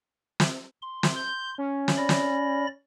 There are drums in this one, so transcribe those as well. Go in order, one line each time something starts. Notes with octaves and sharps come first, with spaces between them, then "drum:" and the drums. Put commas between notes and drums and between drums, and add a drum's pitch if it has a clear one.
drum: snare
C6
drum: snare
G6
C#4
drum: snare
D5 B5 A#6
drum: snare